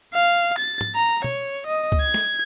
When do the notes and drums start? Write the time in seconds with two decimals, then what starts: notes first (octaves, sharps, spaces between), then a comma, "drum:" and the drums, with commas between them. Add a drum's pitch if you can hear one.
0.14 F5
0.58 A6
0.81 drum: tom G#2
0.95 A#5
1.24 C#5, drum: tom
1.66 D#5
1.92 drum: kick C#2
2.01 G#6
2.14 drum: snare